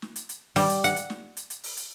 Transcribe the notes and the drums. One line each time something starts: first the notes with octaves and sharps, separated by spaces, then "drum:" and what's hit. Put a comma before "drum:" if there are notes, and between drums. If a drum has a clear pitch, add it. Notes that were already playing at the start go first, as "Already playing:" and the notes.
drum: snare
drum: hi-hat
drum: hi-hat
G3, drum: open hi-hat
drum: hi-hat
F#5, drum: hi-hat
drum: hi-hat
drum: snare
drum: hi-hat
drum: hi-hat
drum: open hi-hat
drum: hi-hat